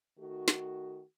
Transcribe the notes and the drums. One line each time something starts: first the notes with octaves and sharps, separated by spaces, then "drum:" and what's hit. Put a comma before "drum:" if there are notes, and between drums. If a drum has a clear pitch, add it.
D#3 A3 F#4
drum: snare